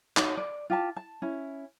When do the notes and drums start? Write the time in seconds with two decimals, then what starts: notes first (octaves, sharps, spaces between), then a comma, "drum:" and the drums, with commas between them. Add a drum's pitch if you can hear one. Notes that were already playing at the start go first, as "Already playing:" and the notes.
0.17 D#4 F#4 C#5, drum: clap
0.37 D5
0.70 F4 G4 A5
0.96 A5
1.22 C#4 E4